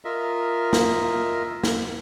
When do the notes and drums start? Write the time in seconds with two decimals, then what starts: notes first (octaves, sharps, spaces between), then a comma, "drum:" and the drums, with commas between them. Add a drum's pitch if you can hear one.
0.05 F4 A#4 D#5 E5
0.73 drum: snare
1.64 drum: snare